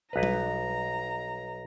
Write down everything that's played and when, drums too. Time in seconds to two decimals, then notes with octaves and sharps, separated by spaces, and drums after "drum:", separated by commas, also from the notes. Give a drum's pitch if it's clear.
0.13 B1 B4 A#5
0.23 drum: tom G3